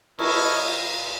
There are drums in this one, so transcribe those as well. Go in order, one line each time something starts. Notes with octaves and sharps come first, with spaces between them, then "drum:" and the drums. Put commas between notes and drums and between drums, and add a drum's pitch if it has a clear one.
E4 A4 A#4 C#5 D#5, drum: cymbal
F4